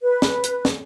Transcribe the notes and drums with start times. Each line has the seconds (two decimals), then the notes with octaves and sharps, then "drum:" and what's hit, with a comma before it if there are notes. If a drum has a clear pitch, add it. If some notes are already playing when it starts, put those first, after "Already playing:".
0.01 B4
0.22 drum: snare
0.43 drum: hi-hat
0.65 drum: snare